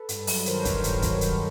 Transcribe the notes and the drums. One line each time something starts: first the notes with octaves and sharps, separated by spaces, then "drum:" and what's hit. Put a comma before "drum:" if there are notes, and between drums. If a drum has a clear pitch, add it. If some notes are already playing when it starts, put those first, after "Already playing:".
Already playing: A4 B4
G2, drum: hi-hat
F#3, drum: open hi-hat
D#3 A#4 C5, drum: hi-hat
B4 C#5
G2, drum: kick, hi-hat
B4 C#5
G2 A#4 C5, drum: hi-hat
F#3, drum: kick, hi-hat
D#3, drum: hi-hat